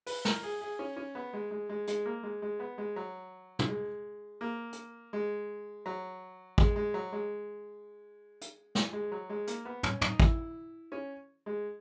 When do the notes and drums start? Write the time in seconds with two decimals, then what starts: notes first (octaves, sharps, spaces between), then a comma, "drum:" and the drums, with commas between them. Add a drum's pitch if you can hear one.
0.07 B4, drum: open hi-hat
0.25 A#4, drum: snare
0.43 G#4
0.61 G#4
0.79 C#4
0.96 C#4
1.15 B3
1.33 G#3
1.51 G#3
1.69 G#3
1.88 G#3, drum: hi-hat
2.06 A#3
2.23 G#3
2.42 G#3
2.59 B3
2.78 G#3
2.96 F#3
3.59 drum: tom
3.68 G#3
4.41 A#3
4.73 drum: hi-hat
5.13 G#3
5.86 F#3
6.58 G#3, drum: kick
6.76 G#3
6.94 F#3
7.12 G#3
8.41 drum: hi-hat
8.75 drum: snare
8.93 G#3
9.12 F#3
9.29 G#3
9.47 A#3, drum: hi-hat
9.65 B3
9.83 C#4, drum: tom
10.01 D#4, drum: tom
10.20 E4, drum: kick
10.92 C#4
11.46 G#3